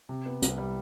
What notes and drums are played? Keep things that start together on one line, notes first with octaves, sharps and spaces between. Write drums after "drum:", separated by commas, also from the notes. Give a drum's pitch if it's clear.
C3
B3
C2, drum: hi-hat
G3